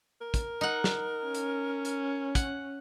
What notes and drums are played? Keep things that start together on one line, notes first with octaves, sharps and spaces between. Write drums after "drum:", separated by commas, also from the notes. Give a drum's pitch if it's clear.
A#4
drum: kick, hi-hat
D#4 F#5
drum: snare
C#4
drum: hi-hat
drum: hi-hat
F#5, drum: kick, hi-hat